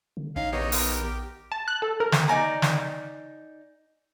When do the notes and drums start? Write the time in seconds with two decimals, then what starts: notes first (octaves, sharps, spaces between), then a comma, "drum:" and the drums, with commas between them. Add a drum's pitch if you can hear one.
0.17 D3
0.36 A#1 C#4 D#4 F5
0.53 E2 D#3 B3 D#4 G4 C#5 D#5
0.72 A#4, drum: open hi-hat
1.02 G4
1.52 A5
1.68 F#6
1.82 A4
2.00 A#4
2.12 drum: snare
2.28 D#4 D5 G#5 A#5
2.62 drum: snare